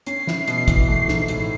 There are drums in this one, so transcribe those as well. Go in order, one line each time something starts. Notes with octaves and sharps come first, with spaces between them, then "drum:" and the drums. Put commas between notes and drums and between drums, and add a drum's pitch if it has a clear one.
C#4 C7, drum: hi-hat
E4, drum: snare
B2, drum: hi-hat
E3, drum: kick, hi-hat
A3
G#2, drum: snare
A2, drum: hi-hat